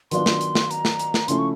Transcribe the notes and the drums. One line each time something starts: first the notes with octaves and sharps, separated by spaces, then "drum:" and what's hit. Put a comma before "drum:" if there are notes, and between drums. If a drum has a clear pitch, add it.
D#3 F#3 B3 D4 F4 C6, drum: hi-hat
drum: snare
drum: hi-hat
drum: snare
A#5, drum: hi-hat
drum: snare
drum: hi-hat
drum: snare
C#3 F3 A3 C#4 E4 C6, drum: hi-hat
C#6